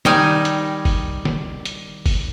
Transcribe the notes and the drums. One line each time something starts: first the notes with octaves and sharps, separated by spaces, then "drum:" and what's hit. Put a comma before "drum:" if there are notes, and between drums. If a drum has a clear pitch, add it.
D#3 G3 D#4 G#5, drum: snare
drum: hi-hat
drum: kick F#1, open hi-hat
drum: snare
drum: hi-hat
drum: kick F#1, open hi-hat